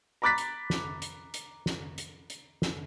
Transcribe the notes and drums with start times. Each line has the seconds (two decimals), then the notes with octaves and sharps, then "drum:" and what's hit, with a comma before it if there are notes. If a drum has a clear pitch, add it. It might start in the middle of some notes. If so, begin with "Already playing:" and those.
0.22 A#5 B5 D6 F#6 A6 B6
0.38 drum: hi-hat
0.70 drum: snare
1.02 drum: hi-hat
1.34 drum: hi-hat
1.66 drum: snare
1.98 drum: hi-hat
2.30 drum: hi-hat
2.62 drum: snare